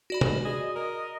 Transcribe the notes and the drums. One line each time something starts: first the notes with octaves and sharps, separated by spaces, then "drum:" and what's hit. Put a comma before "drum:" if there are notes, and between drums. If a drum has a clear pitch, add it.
F#4 D5 B5
drum: tom
G#4 D#5
A#4